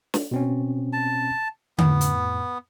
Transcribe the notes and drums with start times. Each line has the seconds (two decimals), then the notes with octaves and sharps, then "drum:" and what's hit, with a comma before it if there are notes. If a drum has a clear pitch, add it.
0.14 drum: snare
0.31 B2 C4 C#4
0.93 A5
1.78 F2 A2 B3, drum: tom D3
2.01 drum: hi-hat